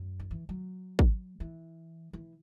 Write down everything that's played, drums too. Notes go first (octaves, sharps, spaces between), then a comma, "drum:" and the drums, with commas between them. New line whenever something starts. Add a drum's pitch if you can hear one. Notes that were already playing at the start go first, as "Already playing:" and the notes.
Already playing: F#2
D#3
E3
F#3
drum: kick
E3
E3